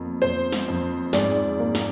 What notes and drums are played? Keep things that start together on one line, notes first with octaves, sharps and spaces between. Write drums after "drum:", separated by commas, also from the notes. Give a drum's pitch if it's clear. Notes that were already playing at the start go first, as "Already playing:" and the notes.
Already playing: F2 A#3
F2 C5
drum: snare
F2
G#2 D5, drum: snare
A#3
drum: snare